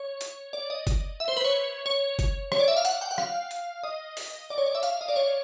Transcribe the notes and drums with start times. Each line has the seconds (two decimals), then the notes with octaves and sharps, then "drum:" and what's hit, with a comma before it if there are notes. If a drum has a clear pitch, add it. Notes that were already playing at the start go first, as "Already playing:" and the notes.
Already playing: C#5
0.21 drum: hi-hat
0.53 D5
0.70 D#5
0.87 drum: kick, hi-hat
1.20 E5
1.28 C5
1.37 B4
1.44 C#5
1.86 C#5
2.19 drum: kick, hi-hat
2.52 C#5, drum: rim click
2.60 D5
2.68 E5
2.76 F5
2.85 F#5, drum: hi-hat
3.01 G5
3.11 F#5
3.18 F5, drum: rim click
3.51 drum: hi-hat
3.83 D#5
4.17 drum: open hi-hat
4.50 D5
4.58 C#5
4.66 D5
4.75 E5
4.83 F5, drum: hi-hat
5.01 D#5
5.09 D5
5.16 C#5